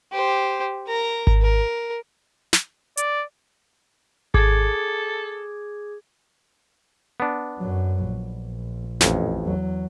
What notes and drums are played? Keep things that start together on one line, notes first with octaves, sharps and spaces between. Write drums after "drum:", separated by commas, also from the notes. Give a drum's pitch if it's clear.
G4 C5
A#4 A#5
drum: kick G#1
A#4
drum: snare
D5, drum: hi-hat
G#4 A4 D6 G#6, drum: kick G#1
B3 D4
F#2 F#3
A#1
A1 F2, drum: snare
E2 F#3